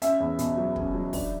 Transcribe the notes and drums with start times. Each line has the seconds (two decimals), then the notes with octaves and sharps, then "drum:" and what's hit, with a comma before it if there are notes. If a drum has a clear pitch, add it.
0.02 C#4 E5, drum: hi-hat
0.20 E2
0.39 B2, drum: hi-hat
0.57 F#3
0.76 C#4, drum: kick
0.94 F#3
1.13 D4, drum: kick, open hi-hat